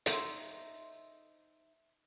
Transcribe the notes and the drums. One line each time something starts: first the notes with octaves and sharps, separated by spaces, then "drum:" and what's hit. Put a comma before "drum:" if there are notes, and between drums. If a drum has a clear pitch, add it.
D#4 C5 E5 C6, drum: hi-hat